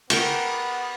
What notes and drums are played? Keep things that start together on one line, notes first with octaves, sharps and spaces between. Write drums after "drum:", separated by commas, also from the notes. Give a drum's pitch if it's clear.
B3 A#4 G5 C#6, drum: cymbal